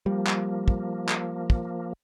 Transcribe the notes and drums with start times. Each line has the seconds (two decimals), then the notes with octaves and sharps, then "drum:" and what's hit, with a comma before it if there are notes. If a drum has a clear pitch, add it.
0.06 F3 G3 A#3
0.27 drum: clap
0.68 drum: kick
1.09 drum: clap
1.50 drum: kick